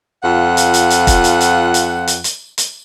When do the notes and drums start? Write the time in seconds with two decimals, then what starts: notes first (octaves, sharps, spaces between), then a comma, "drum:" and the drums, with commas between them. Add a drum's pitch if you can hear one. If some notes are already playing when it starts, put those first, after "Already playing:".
0.23 F2 F4 F#5
0.57 drum: hi-hat
0.74 drum: hi-hat
0.90 drum: hi-hat
1.07 drum: kick, hi-hat
1.24 drum: hi-hat
1.41 drum: hi-hat
1.74 drum: hi-hat
2.07 drum: hi-hat
2.24 drum: hi-hat
2.58 drum: hi-hat